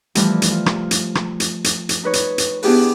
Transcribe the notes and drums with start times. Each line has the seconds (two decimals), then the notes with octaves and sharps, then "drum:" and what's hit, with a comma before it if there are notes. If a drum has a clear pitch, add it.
0.15 E3 F3 G3 A3, drum: hi-hat
0.42 drum: hi-hat
0.51 F4
0.66 drum: rim click
0.91 drum: hi-hat
1.15 drum: rim click
1.40 drum: hi-hat
1.64 drum: hi-hat
1.89 drum: hi-hat
2.03 D#4 B4 C#5
2.13 drum: hi-hat
2.38 drum: hi-hat
2.62 B3 D4 E4 G4 G#4 B4, drum: open hi-hat